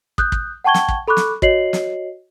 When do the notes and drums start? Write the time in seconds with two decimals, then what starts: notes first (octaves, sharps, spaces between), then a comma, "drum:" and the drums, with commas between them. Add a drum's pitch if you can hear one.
0.18 D#6 F#6 G6, drum: kick
0.32 drum: kick
0.64 F#5 G5 A5 C#6 G#6 G7
0.74 drum: snare
0.88 drum: kick
1.08 A4 B5 C#6 D6 F#6
1.17 drum: snare
1.42 F#4 C#5 D#5 C7 F#7, drum: kick
1.73 drum: snare